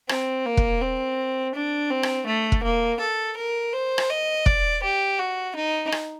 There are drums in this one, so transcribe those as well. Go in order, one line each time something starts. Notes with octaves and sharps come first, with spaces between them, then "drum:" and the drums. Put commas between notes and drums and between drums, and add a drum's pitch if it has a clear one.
C4, drum: rim click
A#3
drum: kick
C4
D4
C4
drum: rim click
A3
drum: kick
A#3
A4
A#4
C5
drum: rim click
D#5
D5, drum: kick
G4
F#4
D#4
drum: rim click